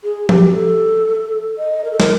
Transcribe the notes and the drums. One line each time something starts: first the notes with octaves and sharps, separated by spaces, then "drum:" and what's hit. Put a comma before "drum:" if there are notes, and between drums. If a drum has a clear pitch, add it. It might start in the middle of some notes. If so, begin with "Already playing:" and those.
G#4
G4, drum: tom F3
A4
D#5
A#4
A4
A#4, drum: snare